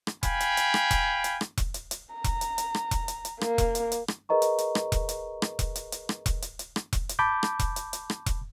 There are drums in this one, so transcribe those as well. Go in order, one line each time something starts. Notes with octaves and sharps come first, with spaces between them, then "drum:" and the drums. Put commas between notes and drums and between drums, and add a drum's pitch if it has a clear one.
drum: rim click
F5 G5 G#5 B5, drum: kick E1, hi-hat
drum: hi-hat
drum: hi-hat
drum: rim click
drum: kick E1, hi-hat
drum: hi-hat
drum: rim click
drum: kick E1, hi-hat
drum: hi-hat
drum: hi-hat
A#5
drum: kick E1, hi-hat
drum: hi-hat
drum: hi-hat
drum: rim click
drum: kick E1, hi-hat
drum: hi-hat
drum: hi-hat
A#3, drum: rim click
drum: kick E1, hi-hat
drum: hi-hat
drum: hi-hat
drum: rim click
G#4 A#4 B4 D#5 A#5 C#6
drum: hi-hat
drum: hi-hat
drum: rim click
drum: kick E1, hi-hat
drum: hi-hat
drum: rim click
drum: kick E1, hi-hat
drum: hi-hat
drum: hi-hat
drum: rim click
drum: kick E1, hi-hat
drum: hi-hat
drum: hi-hat
drum: rim click
drum: kick E1, hi-hat
drum: hi-hat
A5 B5 D6 G6
drum: rim click
drum: kick E1, hi-hat
drum: hi-hat
drum: hi-hat
drum: rim click
drum: kick E1, hi-hat